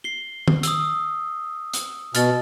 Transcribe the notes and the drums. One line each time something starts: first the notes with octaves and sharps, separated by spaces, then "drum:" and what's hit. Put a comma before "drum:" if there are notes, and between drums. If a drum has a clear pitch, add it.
C7 G7
drum: tom
D#6 E6, drum: hi-hat
drum: hi-hat
B2 F6 A6, drum: hi-hat